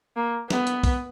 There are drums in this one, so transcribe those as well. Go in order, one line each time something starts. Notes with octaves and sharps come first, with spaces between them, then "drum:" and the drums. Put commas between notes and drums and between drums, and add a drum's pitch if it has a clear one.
A#3
B3, drum: snare
drum: hi-hat
drum: kick B1, open hi-hat